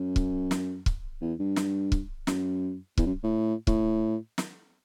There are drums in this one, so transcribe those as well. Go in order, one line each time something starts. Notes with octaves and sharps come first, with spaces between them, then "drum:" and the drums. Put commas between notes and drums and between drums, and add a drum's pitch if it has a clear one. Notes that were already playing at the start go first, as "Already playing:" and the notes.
Already playing: F#2
drum: kick
drum: snare
drum: kick
E2
G2
drum: snare
drum: kick
F#2, drum: snare
E2, drum: kick
F#2
A2
A2, drum: kick
drum: snare